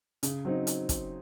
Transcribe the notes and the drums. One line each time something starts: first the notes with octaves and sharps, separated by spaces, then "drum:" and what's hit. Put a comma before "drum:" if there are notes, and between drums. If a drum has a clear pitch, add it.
C#3, drum: hi-hat
F#3 C4 D#4
drum: hi-hat
drum: kick, hi-hat